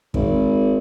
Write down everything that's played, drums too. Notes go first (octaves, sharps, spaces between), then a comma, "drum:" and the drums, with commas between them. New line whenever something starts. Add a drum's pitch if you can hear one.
G#1, drum: kick